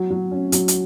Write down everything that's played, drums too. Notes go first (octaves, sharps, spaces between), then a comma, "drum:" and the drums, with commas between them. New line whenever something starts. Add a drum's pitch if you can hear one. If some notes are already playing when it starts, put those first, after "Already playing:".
Already playing: F#3
F#3
C#4
F#3, drum: hi-hat
drum: hi-hat